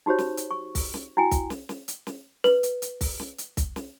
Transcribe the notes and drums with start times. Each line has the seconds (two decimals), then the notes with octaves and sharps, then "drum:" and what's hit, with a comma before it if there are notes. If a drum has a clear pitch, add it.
0.06 D#4 F#4 G4 C5 C#5
0.18 drum: snare
0.37 drum: hi-hat
0.51 C#6
0.75 drum: kick, open hi-hat
0.94 drum: snare
1.17 E4 F#4 G5 G#5
1.31 drum: kick, hi-hat
1.50 drum: snare
1.69 drum: snare
1.88 drum: hi-hat
2.07 drum: snare
2.44 B4, drum: snare
2.63 drum: hi-hat
2.82 drum: hi-hat
3.01 drum: kick, open hi-hat
3.20 drum: snare
3.38 drum: hi-hat
3.57 drum: kick, hi-hat
3.76 drum: snare